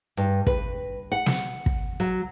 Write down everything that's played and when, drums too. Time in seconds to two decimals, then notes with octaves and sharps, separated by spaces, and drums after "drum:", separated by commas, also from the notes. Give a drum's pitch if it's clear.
0.17 G2
0.47 B4, drum: kick
1.12 F#5
1.26 drum: snare
1.66 drum: kick
2.00 F#3